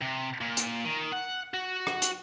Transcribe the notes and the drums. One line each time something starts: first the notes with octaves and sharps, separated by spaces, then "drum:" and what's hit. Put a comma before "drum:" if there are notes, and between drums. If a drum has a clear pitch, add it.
C3
A#2
drum: hi-hat
D#3
F#5
F#4
drum: rim click
drum: hi-hat